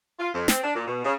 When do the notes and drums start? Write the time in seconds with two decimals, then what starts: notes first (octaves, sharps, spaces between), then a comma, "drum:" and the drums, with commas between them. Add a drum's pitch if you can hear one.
0.19 F4
0.33 F2
0.48 C4, drum: snare
0.63 D4
0.75 A#2
0.87 B2
1.05 C#3